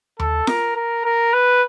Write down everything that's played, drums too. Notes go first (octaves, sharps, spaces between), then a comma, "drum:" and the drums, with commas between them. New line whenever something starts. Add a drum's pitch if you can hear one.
A4, drum: tom D#2
A#4, drum: snare F4
A#4
A#4
B4